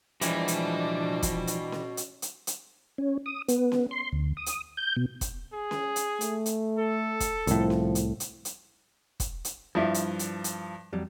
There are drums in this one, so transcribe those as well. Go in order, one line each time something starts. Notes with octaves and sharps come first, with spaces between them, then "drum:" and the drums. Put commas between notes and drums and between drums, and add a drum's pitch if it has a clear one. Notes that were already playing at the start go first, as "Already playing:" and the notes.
E3 F3 G3 G#3 D4 F#4 D#5, drum: hi-hat
drum: hi-hat
drum: kick, hi-hat
drum: hi-hat
drum: snare C#4
drum: hi-hat
drum: hi-hat
drum: hi-hat
C#4
D#6
B3, drum: hi-hat
drum: snare C#4
C6
D2
D#6
drum: hi-hat
G6
B2
drum: kick, hi-hat
G#4
drum: snare C#4
drum: hi-hat
A3, drum: hi-hat
drum: hi-hat
A4
drum: kick, hi-hat
C2 A2 F3, drum: hi-hat
drum: snare C#4
drum: hi-hat
drum: hi-hat
drum: hi-hat
drum: kick, hi-hat
drum: hi-hat
G2 F3 E4 D5 E5
drum: hi-hat
drum: hi-hat
drum: hi-hat
F2 F#3 G3